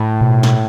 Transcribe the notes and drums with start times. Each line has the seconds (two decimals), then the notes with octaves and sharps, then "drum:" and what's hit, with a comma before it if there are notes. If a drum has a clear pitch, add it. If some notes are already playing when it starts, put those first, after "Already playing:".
Already playing: A2
0.21 B2
0.43 drum: snare